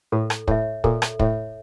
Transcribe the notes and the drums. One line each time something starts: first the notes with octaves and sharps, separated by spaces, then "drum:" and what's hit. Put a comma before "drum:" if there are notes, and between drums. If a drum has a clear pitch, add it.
A2 A4
drum: rim click
A2 C#5 E5, drum: kick
A#2 A4, drum: kick
drum: rim click
A2 C#5 E5, drum: kick